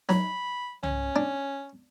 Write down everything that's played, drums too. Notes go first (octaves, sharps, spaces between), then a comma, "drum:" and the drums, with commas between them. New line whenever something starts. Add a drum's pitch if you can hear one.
F#3 B5, drum: snare D#4
C#4, drum: tom C2
D4